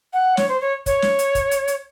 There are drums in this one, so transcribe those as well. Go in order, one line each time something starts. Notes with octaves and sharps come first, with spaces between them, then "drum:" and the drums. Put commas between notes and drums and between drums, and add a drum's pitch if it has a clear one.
F#5
C#5, drum: snare
C5
C#5
C#5, drum: kick, hi-hat
drum: snare
drum: hi-hat
drum: kick, hi-hat
drum: hi-hat
drum: hi-hat